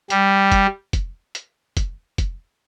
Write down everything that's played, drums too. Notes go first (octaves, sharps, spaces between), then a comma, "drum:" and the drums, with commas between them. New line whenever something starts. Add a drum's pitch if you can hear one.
G3, drum: hi-hat
drum: kick F1, hi-hat
drum: kick F1, hi-hat
drum: hi-hat
drum: kick F1, hi-hat
drum: kick F1, hi-hat